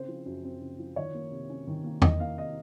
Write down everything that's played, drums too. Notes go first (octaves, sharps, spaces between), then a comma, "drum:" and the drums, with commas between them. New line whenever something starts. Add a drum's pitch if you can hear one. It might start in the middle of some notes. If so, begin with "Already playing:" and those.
Already playing: C#3 C4 C5
F3
F#2
C4
C#3
F3
D#3 C#5
A#3
C3
C#4
D#3
A#3
D#3 D#5, drum: tom
A#3 F5
C3 D#5